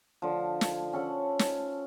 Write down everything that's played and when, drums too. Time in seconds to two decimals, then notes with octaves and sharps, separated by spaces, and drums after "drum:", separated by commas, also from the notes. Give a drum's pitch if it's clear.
0.22 D3 F3
0.61 drum: snare
0.93 C#4 A4 F#5
1.39 drum: snare